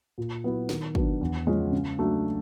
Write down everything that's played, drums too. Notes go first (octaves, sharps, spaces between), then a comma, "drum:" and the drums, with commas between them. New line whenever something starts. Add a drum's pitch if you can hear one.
A#2
F#3 B3 E4
D#3, drum: snare
F#3 B3 D4, drum: kick
E2
C#3 F3 G#3 C#4
C#3
F#3 A3 D4